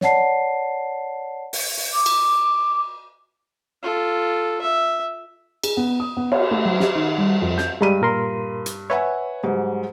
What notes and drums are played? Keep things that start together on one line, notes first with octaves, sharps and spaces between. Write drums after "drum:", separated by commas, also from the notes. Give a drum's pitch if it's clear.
C#5 D5 F#5 A5 C7, drum: snare
drum: open hi-hat
drum: open hi-hat
D6
drum: cymbal
F4 A4
E5
G#4, drum: cymbal
B3
D#6
B3
C#5, drum: cymbal
A3
F#3
G4, drum: snare
D#3
G3
F2
G6, drum: snare
G2 G3 G#3 B5 D#7
A#2 A#4 C6
drum: hi-hat
B4 C#5 E5 F#5 G#5
G#2 F#3 G3